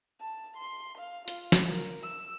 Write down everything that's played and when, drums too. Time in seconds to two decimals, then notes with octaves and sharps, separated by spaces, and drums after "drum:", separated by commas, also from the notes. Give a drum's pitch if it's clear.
0.20 A5
0.57 C6
0.98 F5
1.28 F4, drum: hi-hat
1.52 drum: snare
1.71 A#4
2.03 E6